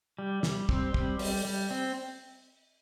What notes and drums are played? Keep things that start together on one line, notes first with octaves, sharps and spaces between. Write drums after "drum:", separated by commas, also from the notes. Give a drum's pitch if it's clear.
G3
G3, drum: snare
C4, drum: kick
G3, drum: kick
G3, drum: open hi-hat
G3
C4